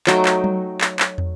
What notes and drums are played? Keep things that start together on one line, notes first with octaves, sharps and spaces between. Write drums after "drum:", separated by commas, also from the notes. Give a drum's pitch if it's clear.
F#3 A3 D#4 G5, drum: clap
drum: clap
drum: tom F#3
drum: clap
drum: clap
drum: tom